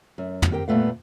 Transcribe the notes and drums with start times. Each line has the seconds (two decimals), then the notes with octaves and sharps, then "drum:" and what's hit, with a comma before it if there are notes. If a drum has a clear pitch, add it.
0.18 F#2
0.42 drum: tom
0.51 C4 G4 A#4 G5
0.68 G2 A#2 A3 B3 F5